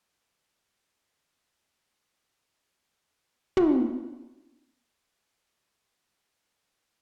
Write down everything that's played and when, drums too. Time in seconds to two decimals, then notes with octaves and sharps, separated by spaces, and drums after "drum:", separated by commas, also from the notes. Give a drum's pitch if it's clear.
0.19 G4
0.56 E6
1.07 G#5
1.51 F5
1.86 D5
2.20 E6
2.68 F#4 A#5
3.57 drum: tom
3.85 A1
3.99 B3
4.12 B1
4.25 C3
4.38 F#1
4.56 F#2
4.74 E3
4.87 A#2
5.01 F#2
5.13 D3
5.35 G3
5.71 E5
5.90 F3
6.14 F#3
6.30 G3
6.60 C4
6.75 F#4